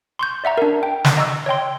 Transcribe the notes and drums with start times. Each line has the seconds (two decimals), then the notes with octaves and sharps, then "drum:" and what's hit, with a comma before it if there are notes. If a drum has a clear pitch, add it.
0.19 C6 C#6 G6
0.44 D5 E5 F#5 A#5
0.58 D4 A#4
0.83 G5
1.05 drum: snare
1.17 D#5 A#5 C#6 E6
1.46 C#5 D#5 G5 C6